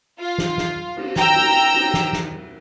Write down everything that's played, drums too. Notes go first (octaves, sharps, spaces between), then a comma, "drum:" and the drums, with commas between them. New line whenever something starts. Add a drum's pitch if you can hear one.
F4
drum: snare
drum: snare
drum: cymbal
G5 A#5 E6, drum: snare
drum: cymbal
drum: cymbal
drum: snare
drum: snare